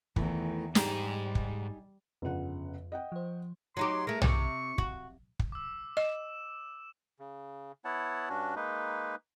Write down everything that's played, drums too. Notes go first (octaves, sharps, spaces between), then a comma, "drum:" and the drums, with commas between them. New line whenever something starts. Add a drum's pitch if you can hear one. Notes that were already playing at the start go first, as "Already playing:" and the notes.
E2 D#3 E3 A3, drum: kick
G#2 G3 D#4 G4 G#4 A#5, drum: snare
drum: kick
G1 F2 C#3 F4 F#5
D#5 F#5 G5
F3 C5
F#3 D#4 G4 C6
G#3 A3 A#4
C3 C#6, drum: tom B1
F#4, drum: kick
drum: kick
D6 E6
D#5 E7
C#3
B3 E4 C#5 F#5 A5
G2 C#4 D4 F#4
G#3 A#3 D#4 B4